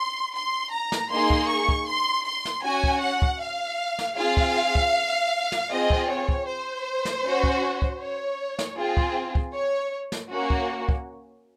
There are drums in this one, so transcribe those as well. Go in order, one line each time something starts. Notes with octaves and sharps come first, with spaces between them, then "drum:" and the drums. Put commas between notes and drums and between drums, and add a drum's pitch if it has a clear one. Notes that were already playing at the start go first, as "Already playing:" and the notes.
Already playing: C6
C6
A#5
drum: snare
A#3 D#4 G#4 C6
drum: kick
C#6
drum: kick
C6
C6
drum: snare
C#4 F#4 G#5
drum: kick
F#5
drum: kick
F5
drum: snare
C4 F4 G#4 F5
drum: kick
drum: kick
drum: snare
C4 F4 G#4 D#5
drum: kick
C#5
drum: kick
C5
drum: snare
C#4 F#4
drum: kick
drum: kick
C#5
drum: snare
C4 F4 G#4
drum: kick
drum: kick
C#5
drum: snare
A#3 C#4 F#4
drum: kick
drum: kick